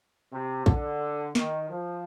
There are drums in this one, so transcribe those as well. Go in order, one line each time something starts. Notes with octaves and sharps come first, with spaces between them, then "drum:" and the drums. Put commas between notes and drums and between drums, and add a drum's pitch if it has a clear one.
C3
D3, drum: kick A#1
D#3, drum: snare
F3